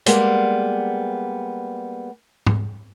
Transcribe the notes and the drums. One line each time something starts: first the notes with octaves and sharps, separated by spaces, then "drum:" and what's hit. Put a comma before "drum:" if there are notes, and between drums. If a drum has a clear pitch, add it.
G3 G#3 A#3 B3, drum: hi-hat
drum: tom G#2